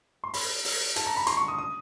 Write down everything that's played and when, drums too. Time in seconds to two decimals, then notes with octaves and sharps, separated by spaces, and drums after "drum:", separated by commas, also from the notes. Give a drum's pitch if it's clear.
0.24 C6
0.34 B5, drum: open hi-hat
0.65 drum: open hi-hat
0.96 A5, drum: hi-hat
1.06 A#5
1.17 B5
1.27 C6, drum: hi-hat
1.37 C#6
1.48 D#6
1.58 D#6